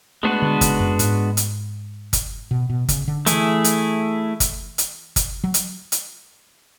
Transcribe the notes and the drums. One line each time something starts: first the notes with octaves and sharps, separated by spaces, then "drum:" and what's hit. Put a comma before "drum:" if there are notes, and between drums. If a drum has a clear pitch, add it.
G#3 A3 B3 D4 F#4 B4
D3
C#3, drum: kick G1, hi-hat
F#2
G#2, drum: hi-hat
drum: hi-hat
drum: kick G1, hi-hat
B2
B2
C#3, drum: kick G1, hi-hat
D3
E3 A3 E4 G#4, drum: hi-hat
drum: hi-hat
drum: kick G1, hi-hat
drum: hi-hat
drum: kick G1, hi-hat
F#3
drum: hi-hat
drum: hi-hat